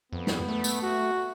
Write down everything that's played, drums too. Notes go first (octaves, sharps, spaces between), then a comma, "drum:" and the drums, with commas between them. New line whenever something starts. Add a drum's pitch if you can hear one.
F2 B3
drum: snare
A3
drum: tambourine
F#4